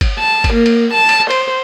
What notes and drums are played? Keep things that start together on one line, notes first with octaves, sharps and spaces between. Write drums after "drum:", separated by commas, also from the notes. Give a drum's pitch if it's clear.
drum: kick G1, cymbal
A5
drum: kick G1, cymbal
A#3
drum: cymbal
A5
drum: cymbal
C5, drum: cymbal